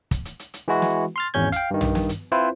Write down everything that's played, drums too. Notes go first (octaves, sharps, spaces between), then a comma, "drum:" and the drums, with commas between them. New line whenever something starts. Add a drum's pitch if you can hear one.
drum: kick, hi-hat
drum: hi-hat
drum: hi-hat
drum: hi-hat
E3 G#3 E4 F#4
drum: snare
C6 F6 A6
G#1 E2 C#4 G6 G#6
F5 G5, drum: hi-hat
G2 D#3
drum: tom
drum: snare
drum: hi-hat
C4 E4 F4 B4 C5